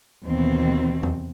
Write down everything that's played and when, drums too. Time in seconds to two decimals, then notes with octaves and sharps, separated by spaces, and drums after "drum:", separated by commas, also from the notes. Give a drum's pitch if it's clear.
0.25 D#2 B2 E3 C4
1.03 drum: tom E2